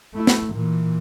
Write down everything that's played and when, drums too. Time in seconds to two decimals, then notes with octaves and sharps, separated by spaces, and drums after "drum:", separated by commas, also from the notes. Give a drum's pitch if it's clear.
0.15 A3 E4
0.27 drum: snare
0.54 A#2 E3